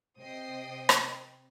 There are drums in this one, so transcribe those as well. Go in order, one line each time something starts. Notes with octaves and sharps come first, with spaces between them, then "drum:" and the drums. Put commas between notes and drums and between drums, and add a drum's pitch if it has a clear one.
C3 C5 D#5 G5 D#6 C7
drum: rim click